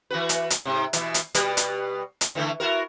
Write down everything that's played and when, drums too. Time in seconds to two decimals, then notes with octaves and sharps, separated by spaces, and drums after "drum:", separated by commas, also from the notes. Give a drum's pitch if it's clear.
0.11 E3 F#4 B4
0.29 drum: hi-hat
0.50 drum: hi-hat
0.65 G#2 C3
0.93 B2 E3, drum: hi-hat
1.14 drum: hi-hat
1.35 B2 G3 B4, drum: hi-hat
1.57 drum: hi-hat
2.21 drum: hi-hat
2.35 D3 E3 A3
2.60 E4 F#4 A#4